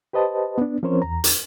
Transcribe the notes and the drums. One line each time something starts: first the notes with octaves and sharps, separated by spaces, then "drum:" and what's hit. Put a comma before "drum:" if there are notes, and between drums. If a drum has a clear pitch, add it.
G4 B4 C5 D#5 A5
B3 D4
F3 C4 C#4 A#4 C5 C#5
E2 A#5
drum: hi-hat